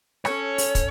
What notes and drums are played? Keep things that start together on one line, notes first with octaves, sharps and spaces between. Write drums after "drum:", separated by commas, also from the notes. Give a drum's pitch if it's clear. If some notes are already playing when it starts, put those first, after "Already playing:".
C#4 A4 C#5, drum: rim click
drum: open hi-hat
drum: kick, hi-hat